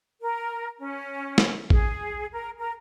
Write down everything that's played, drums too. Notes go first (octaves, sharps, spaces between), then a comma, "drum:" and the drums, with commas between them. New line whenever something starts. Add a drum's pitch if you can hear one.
A#4
C#4
drum: snare
G#4, drum: kick A1
A#4
A#4